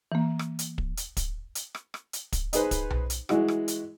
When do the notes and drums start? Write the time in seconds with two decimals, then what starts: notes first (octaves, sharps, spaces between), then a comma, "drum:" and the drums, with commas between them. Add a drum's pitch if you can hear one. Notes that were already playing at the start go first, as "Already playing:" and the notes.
0.12 E3 A#3
0.39 drum: rim click
0.59 drum: hi-hat
0.78 drum: kick
0.97 drum: hi-hat
1.17 drum: kick, hi-hat
1.55 drum: hi-hat
1.75 drum: rim click
1.94 drum: rim click
2.13 drum: hi-hat
2.32 drum: kick, hi-hat
2.53 D#4 G#4 B4 C5, drum: hi-hat
2.71 drum: kick, hi-hat
2.90 drum: tom B1
3.10 drum: hi-hat
3.29 E3 G#3 E4 F#4, drum: rim click
3.48 drum: rim click
3.68 drum: hi-hat